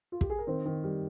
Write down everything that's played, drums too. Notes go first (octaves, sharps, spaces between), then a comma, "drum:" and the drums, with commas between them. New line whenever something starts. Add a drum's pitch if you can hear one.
F4
G4, drum: kick
G#4
A#4
D#3 C4 C5
D#3
G3